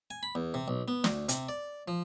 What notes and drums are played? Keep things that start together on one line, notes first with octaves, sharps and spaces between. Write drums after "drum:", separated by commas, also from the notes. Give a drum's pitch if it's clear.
G#5
B5
E2
C3
B1
B3
D2, drum: snare
C3, drum: hi-hat
D5
F3